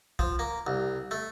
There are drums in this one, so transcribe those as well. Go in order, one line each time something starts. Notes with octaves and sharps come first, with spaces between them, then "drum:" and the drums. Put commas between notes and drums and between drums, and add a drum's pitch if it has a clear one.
F3, drum: kick
A#3
C2
A3